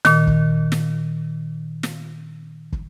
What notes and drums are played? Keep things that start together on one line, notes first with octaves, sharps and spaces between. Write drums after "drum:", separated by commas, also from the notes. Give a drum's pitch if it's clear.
A#2 D#3, drum: snare
drum: kick
drum: snare
drum: snare
drum: kick